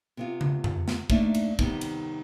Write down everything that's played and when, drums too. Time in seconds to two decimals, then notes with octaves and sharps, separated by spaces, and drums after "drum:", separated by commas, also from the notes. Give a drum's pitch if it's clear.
0.17 C3 B3 F4
0.41 drum: tom C#3
0.64 drum: tom F2
0.88 drum: snare
1.10 A3 A#3 D4 D#4 D5 E5, drum: kick
1.34 drum: cymbal
1.59 C3 D#3 G3 A#3 B3 D#4, drum: kick
1.81 drum: cymbal